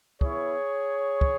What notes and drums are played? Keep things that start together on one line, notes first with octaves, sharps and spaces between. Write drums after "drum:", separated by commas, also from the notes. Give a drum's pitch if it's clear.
B3 E4 G#4 C#5, drum: kick
drum: kick